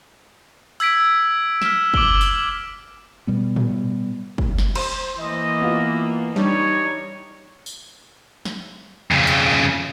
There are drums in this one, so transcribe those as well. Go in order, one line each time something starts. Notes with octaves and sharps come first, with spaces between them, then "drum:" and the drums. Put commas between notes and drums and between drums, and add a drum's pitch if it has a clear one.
E6 G#6 B6 D7, drum: open hi-hat
F6 B6 E7, drum: snare
D6 D7 F#7 G7, drum: kick
drum: tambourine
B2 G3 B3
drum: tom A2
drum: kick
drum: snare
C5 C6, drum: cymbal
E3 A#3 D#5
B3 F4
G3 D4 D#4 C#5
drum: tambourine
drum: snare
F2 C#3
drum: hi-hat